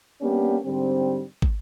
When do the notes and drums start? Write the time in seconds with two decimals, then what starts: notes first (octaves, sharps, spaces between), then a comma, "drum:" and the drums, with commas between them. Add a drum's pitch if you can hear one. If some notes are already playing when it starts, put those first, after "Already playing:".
0.21 G3 A#3 B3 C#4 D4 G4
0.65 G#2 D3 G3 C4
1.42 drum: kick